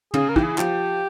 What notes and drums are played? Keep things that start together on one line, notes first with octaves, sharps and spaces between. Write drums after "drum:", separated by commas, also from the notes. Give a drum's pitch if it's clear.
C#3 G#4, drum: tom
A#4
E3 G4, drum: kick
G#4
F3 G4, drum: clap